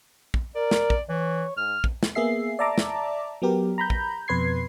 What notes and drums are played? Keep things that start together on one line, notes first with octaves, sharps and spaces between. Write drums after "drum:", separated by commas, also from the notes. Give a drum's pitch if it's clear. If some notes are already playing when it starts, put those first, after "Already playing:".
drum: kick
A#4 D5
drum: snare
drum: kick
E3 C#5
G#2 F6
drum: kick
drum: snare
A#3 B3 G#4 E5 C7
D5 E5 A5 A#5 D6
drum: snare
F#3 B3 G4 A#4
A#5 B5 G6
drum: kick
F2 B2 B4 C6 G#6 C7